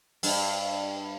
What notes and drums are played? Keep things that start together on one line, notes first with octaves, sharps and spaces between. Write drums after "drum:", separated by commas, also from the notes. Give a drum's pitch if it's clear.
G2, drum: open hi-hat